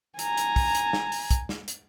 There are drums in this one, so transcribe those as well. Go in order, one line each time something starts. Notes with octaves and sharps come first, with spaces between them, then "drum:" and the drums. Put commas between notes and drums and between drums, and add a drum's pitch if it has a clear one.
G#5 A#5, drum: hi-hat
drum: hi-hat
drum: kick, open hi-hat
drum: hi-hat
drum: snare
drum: open hi-hat
drum: kick, hi-hat
drum: snare
drum: hi-hat